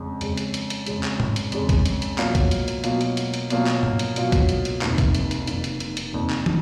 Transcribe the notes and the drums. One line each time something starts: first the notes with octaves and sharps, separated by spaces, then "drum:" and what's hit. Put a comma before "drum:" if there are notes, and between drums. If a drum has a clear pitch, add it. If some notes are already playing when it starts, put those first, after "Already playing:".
Already playing: F2 C#3 G#3
F2 C#3 G#3, drum: hi-hat
drum: hi-hat
drum: hi-hat
drum: hi-hat
F2 C#3 G#3, drum: hi-hat
drum: clap
drum: tom G#2
drum: hi-hat
F2 C#3 G#3, drum: hi-hat
drum: kick C2, hi-hat
drum: hi-hat
drum: hi-hat
B2 F#3 A#3 F4, drum: clap
drum: kick C2, hi-hat
drum: hi-hat
drum: hi-hat
B2 F#3 A#3 F4, drum: hi-hat
drum: hi-hat
drum: hi-hat
drum: hi-hat
B2 F#3 A#3 F4, drum: hi-hat
drum: clap
drum: tom G#2
drum: hi-hat
B2 F#3 A#3 F4, drum: hi-hat
drum: kick C2, hi-hat
drum: hi-hat
drum: hi-hat
F1 F2 D#3 A#3, drum: clap
drum: kick C2, hi-hat
drum: hi-hat
drum: hi-hat
F1 F2 D#3 A#3, drum: hi-hat
drum: hi-hat
drum: hi-hat
drum: hi-hat
F1 F2 D#3 A#3
drum: clap
drum: tom